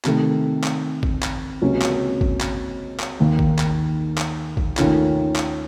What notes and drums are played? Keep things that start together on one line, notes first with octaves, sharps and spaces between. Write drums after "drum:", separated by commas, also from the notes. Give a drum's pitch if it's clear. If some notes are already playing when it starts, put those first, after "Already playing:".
C3 D#3 A3, drum: clap
drum: clap
drum: kick G#1
drum: clap
C#2 C3 F#3 A#3 C#4
drum: clap
drum: kick G#1
drum: clap
drum: clap
D#2 D#3 A#3
drum: kick G#1
drum: clap
drum: clap
drum: kick G#1
D#2 D#3 A3 C#4 F4, drum: clap
drum: clap